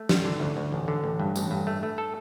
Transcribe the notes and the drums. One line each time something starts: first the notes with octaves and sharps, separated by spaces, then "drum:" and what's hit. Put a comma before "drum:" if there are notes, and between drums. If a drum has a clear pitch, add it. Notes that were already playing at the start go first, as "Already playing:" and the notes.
Already playing: A3
G3, drum: snare
D3
D2
D2
A1
D3
A1
G2
A1, drum: tambourine
G2
A3
A3
A4